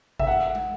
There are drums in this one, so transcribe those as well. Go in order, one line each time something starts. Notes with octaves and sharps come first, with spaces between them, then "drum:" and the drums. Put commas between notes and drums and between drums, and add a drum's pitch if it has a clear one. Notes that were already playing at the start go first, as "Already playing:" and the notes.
E5, drum: kick G#1
F#5
drum: tom